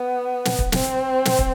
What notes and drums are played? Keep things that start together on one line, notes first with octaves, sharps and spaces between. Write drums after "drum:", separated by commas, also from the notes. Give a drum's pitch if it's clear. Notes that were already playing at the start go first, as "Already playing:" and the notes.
Already playing: B3
drum: snare
drum: kick
C4, drum: snare
drum: snare
drum: kick